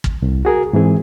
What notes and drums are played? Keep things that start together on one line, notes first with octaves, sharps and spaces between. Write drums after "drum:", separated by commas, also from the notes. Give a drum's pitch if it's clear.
drum: kick
C2
F#4 G#4 A#4
G#2 E3 C4 G#4